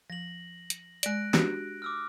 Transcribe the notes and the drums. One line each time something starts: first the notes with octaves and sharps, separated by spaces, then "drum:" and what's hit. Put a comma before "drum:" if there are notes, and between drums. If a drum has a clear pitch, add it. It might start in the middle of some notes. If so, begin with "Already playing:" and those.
F3 A#6 F#7
drum: hi-hat
G#3 D5 F#6 A#6 D7, drum: hi-hat
D4 F#4 G4, drum: snare
D6 E6 F6